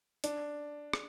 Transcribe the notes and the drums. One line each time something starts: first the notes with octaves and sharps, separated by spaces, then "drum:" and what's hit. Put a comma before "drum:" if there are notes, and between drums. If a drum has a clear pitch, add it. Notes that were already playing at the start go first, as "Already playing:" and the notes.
D4, drum: hi-hat
drum: rim click